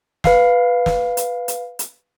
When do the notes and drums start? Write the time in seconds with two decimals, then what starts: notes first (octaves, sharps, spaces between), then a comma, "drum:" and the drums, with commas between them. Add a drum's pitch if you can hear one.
0.24 B4 F5 C7, drum: snare
0.86 drum: snare
1.17 drum: hi-hat
1.48 drum: hi-hat
1.79 drum: hi-hat